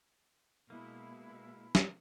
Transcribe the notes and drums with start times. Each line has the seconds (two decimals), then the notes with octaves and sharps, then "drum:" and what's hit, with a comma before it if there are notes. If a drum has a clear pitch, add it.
0.70 B2 G#3 A#3 E4
1.75 drum: snare